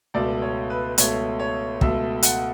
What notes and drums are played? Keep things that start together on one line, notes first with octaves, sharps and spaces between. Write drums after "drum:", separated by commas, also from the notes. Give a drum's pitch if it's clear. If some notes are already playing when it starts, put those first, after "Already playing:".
C#2 B2 A3 D5
C#5
B4
C#2 B2 A3 C#5, drum: hi-hat
C#5
C#2 B2 A3 E5, drum: kick
F#5, drum: hi-hat